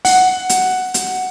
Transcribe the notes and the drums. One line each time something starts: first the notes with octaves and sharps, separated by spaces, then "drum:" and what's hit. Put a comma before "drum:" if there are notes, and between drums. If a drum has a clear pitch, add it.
F#5, drum: open hi-hat
drum: hi-hat
drum: hi-hat